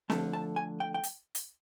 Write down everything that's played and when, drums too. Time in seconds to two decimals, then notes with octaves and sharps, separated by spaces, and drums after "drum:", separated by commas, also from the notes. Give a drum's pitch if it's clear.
0.10 D3 F3 A3 A5, drum: snare C4
0.33 A5
0.56 G#5
0.80 G5
0.94 G5
1.03 drum: hi-hat
1.35 drum: hi-hat